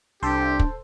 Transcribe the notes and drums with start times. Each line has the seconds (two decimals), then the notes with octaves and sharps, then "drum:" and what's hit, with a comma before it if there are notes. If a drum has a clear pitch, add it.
0.23 C2 D4 G4 A4 C5
0.59 drum: kick